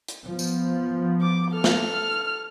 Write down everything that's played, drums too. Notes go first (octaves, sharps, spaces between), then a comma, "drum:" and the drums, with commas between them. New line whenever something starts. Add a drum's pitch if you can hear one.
drum: hi-hat
F3 B3
drum: tambourine
D6
A4 F6
drum: snare